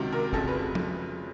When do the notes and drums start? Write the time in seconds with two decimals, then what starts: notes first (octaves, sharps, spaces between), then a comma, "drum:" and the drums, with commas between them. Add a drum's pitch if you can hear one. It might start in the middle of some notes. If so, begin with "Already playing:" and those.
Already playing: C#2 C3 D#3 F#3
0.12 A#4
0.33 F1 F2 C#3 F#3 A4, drum: kick
0.48 B4
0.75 drum: tom F3